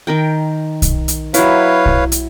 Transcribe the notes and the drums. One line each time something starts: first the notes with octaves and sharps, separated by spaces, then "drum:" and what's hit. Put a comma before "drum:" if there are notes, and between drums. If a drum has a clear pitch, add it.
D#3 A#4 G5
drum: kick, hi-hat
drum: hi-hat
F#3 E4 B4 C#5 F5, drum: hi-hat
drum: kick
drum: hi-hat